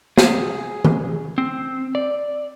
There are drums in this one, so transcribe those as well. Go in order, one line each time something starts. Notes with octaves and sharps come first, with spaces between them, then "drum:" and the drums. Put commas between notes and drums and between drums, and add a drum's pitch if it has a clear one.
G#4, drum: snare
drum: tom D#3
C4
D5